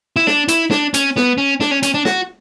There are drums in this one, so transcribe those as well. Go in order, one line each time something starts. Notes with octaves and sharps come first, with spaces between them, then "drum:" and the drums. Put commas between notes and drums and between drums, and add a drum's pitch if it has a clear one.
E4
D4, drum: snare
E4, drum: hi-hat
D4, drum: snare
C#4, drum: hi-hat
B3, drum: snare
C#4
D4, drum: snare
C#4
C#4, drum: hi-hat
D4
F#4, drum: snare